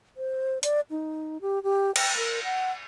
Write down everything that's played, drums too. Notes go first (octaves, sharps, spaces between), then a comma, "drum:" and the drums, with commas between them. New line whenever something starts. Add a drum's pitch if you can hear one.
C5
D5, drum: hi-hat
D#4
G4
G4
G5, drum: cymbal
A#4
F#5